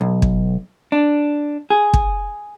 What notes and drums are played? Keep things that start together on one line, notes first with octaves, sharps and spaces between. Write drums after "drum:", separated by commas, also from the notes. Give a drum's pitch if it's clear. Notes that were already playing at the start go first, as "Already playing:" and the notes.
B1
drum: kick
D4
G#4
drum: kick